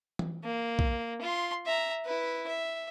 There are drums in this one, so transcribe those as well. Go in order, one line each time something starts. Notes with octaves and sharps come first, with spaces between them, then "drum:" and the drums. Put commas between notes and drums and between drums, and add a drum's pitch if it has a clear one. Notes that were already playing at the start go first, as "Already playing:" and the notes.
drum: tom E3
A#3
drum: kick B1
F4 C6
E5 A#5
E4 B4
E5